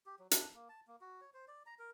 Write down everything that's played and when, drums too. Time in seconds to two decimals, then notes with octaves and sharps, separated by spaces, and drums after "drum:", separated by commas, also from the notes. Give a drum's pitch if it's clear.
0.06 G4
0.19 F#3
0.31 D4, drum: hi-hat
0.55 A#3
0.69 A5
0.87 A#3
1.01 F#4
1.21 C#5
1.34 C5
1.48 D5
1.66 A#5
1.79 A#4